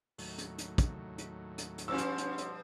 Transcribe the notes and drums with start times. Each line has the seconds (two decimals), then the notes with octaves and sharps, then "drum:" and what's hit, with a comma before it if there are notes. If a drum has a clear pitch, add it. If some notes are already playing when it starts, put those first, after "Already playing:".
0.18 D#2 A2 F#3, drum: open hi-hat
0.38 drum: hi-hat
0.58 drum: hi-hat
0.78 drum: kick, hi-hat
1.18 drum: hi-hat
1.58 drum: hi-hat
1.78 drum: hi-hat
1.88 G2 B2 F3 C#4 F#4 C#5 C6 E6
1.98 drum: hi-hat
2.18 drum: hi-hat
2.38 drum: hi-hat